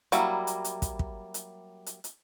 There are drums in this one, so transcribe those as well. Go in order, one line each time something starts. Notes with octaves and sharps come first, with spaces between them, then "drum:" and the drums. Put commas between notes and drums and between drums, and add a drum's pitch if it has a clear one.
F#3 G3 A#3 E4, drum: hi-hat
drum: hi-hat
drum: hi-hat
drum: kick, hi-hat
drum: kick
drum: hi-hat
drum: hi-hat
drum: hi-hat